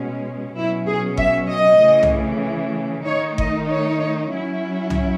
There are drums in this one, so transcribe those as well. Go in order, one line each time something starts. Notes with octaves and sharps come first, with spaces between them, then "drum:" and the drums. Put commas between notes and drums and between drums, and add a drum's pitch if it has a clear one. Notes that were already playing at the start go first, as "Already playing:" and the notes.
Already playing: B2 G#3 C#4
B2 F#3 C#4 E4
G#4
E5, drum: kick G1
D#5
C#3 E3 A3
drum: tom C2
D#3 A3 D#4 C#5
D#5, drum: kick G1
C#5
F#3 C#4 E4
drum: tom C2